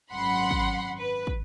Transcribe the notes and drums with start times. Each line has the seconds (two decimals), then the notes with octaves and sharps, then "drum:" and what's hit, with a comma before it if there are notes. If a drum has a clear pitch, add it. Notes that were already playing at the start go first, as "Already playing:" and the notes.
0.13 G#1 F#2 F#5 B5 C6
0.51 drum: kick
0.98 B4
1.27 drum: kick